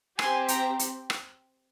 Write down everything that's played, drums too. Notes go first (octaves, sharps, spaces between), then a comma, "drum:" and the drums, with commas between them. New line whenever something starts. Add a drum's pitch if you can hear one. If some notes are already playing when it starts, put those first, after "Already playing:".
C4 G4 G#5 C6, drum: rim click
G5 A#5, drum: hi-hat
drum: hi-hat
drum: rim click